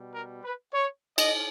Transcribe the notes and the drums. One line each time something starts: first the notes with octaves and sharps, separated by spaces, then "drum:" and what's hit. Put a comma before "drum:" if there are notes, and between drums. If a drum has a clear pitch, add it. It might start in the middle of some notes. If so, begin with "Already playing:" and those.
Already playing: B2 G3
A#4
B4
C#5
D#5, drum: cymbal